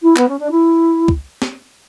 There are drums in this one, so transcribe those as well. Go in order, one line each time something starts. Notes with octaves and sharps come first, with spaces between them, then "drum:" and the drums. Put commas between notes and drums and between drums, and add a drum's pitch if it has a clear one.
E4
B3, drum: clap
C#4
D4
E4
drum: kick
drum: snare